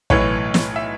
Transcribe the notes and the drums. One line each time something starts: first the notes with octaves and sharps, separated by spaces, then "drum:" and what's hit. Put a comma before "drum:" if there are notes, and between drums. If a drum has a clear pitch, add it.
B1 A2 E3 C#5, drum: kick
drum: snare
E5